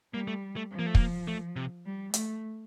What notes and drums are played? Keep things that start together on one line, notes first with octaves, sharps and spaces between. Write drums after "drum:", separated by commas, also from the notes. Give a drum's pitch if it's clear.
G3 A#3
A3
A3
F3
A#3
A3
A#3, drum: kick
A3
C3
G3
A3, drum: hi-hat